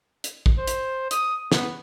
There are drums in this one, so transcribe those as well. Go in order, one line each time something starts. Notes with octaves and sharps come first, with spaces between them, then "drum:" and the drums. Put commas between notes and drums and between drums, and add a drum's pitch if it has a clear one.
drum: hi-hat
drum: kick
C5
drum: hi-hat
D#6, drum: hi-hat
B3, drum: snare